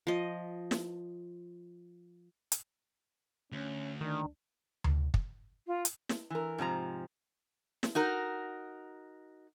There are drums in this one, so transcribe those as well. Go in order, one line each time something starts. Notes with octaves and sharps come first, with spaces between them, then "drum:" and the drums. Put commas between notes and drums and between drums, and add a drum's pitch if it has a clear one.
F3 D#5
drum: snare
drum: hi-hat
D2 C#4
D#3 D4
drum: tom D2
drum: kick
F4
drum: hi-hat
drum: snare
E3 A#4
G#2 C3 F3 A#5
drum: snare
D#4 F#4 A#4